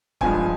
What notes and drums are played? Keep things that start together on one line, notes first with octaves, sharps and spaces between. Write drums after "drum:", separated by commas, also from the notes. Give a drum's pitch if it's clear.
G2 F3 G#3 G#5, drum: kick